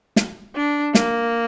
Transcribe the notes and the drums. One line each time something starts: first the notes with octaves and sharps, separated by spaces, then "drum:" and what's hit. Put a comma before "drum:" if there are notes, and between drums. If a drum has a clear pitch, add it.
drum: snare
D4
A#3, drum: snare